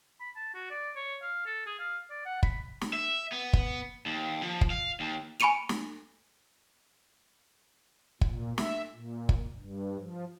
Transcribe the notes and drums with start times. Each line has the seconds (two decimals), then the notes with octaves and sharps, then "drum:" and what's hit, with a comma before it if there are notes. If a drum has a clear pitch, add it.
0.20 B5
0.36 A5
0.54 F#4
0.70 D5
0.96 C#5
1.22 F5
1.46 A4
1.66 G#4
1.79 F5
2.10 D5
2.25 F#5
2.43 B5, drum: kick
2.81 drum: snare
2.93 E5
3.32 B3
3.53 drum: kick
4.06 D#2
4.43 F3
4.61 drum: kick
4.70 F5
5.00 D#2
5.40 G#5 B5 C#6 C#7 D#7 F7
5.69 drum: snare
8.21 A#2, drum: kick
8.58 E5, drum: snare
8.93 A#2
9.29 drum: kick
9.58 G2
9.99 F3